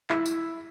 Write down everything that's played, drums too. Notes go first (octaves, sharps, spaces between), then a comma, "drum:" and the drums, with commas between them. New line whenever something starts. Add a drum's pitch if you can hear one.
E4, drum: clap
drum: tambourine